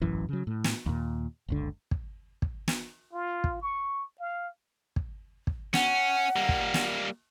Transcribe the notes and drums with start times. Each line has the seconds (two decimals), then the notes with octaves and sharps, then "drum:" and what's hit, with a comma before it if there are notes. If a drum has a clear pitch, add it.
0.02 E1 A1 F#2 E3
0.29 C#3 F#3
0.47 A2
0.64 drum: snare
0.86 D#2 A#2
1.48 F#1 C#2 D3
1.91 drum: kick
2.42 drum: kick
2.68 drum: snare
3.13 F4
3.44 drum: kick
3.62 C#6
4.20 F5
4.96 drum: kick
5.47 drum: kick
5.74 C#4 F#5, drum: snare
6.36 G3 A#3
6.49 drum: kick
6.74 drum: snare